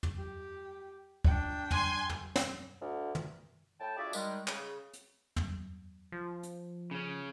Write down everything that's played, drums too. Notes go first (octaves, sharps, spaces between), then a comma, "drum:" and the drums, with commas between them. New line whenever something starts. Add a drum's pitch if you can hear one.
drum: tom
G4
D4 G5, drum: kick
G#5 C6, drum: tom
drum: tom
drum: snare
D2
drum: tom
A2 G5 A5
D4 F4 F#4 G#4 D5 E5
D#3 G3 G#3, drum: tambourine
C#3, drum: clap
drum: hi-hat
drum: tom
F3
drum: hi-hat
C#3 C#4